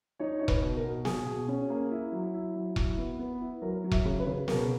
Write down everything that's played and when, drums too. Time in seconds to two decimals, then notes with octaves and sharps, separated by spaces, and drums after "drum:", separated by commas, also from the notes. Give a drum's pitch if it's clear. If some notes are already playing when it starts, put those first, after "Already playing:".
0.19 D#4 C#5
0.39 D#4 C#5
0.48 B4, drum: kick E1
0.62 B2
0.76 A#4
0.84 B2
1.05 B2 G#4, drum: snare
1.26 B2
1.48 C#4
1.70 A#3
1.91 E4
2.12 F#3
2.34 E4
2.56 F#3
2.76 E4, drum: kick E1
2.98 B3
3.19 B3
3.41 E4
3.62 F#3 A#4
3.84 F#3
3.91 E5, drum: kick E1
4.05 C#3
4.20 B4
4.27 C#3
4.48 B2 A#4, drum: snare
4.56 B4